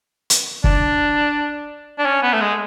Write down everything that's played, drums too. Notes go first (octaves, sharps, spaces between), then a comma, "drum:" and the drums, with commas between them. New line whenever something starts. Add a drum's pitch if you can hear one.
drum: hi-hat
D4, drum: kick
D4
C#4
B3
A3
G#3